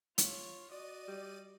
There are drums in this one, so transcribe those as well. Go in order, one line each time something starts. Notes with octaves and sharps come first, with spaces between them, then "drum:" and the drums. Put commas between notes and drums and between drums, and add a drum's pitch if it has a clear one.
F4 C#5, drum: hi-hat
F#4 D5 D#5 D#7
G3